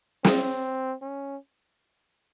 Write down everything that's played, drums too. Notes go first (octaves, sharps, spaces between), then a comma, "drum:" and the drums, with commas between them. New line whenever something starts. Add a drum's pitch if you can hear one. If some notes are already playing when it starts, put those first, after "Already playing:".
C4, drum: snare
C#4